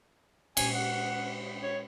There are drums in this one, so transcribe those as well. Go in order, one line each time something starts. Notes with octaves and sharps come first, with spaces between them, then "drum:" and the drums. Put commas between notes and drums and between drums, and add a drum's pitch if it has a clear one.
A#2 G#3 G#5, drum: cymbal
F#5
C#5